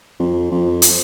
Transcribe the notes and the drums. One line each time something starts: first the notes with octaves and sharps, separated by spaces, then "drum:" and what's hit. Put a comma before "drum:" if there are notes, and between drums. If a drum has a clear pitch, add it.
F2
F2
drum: hi-hat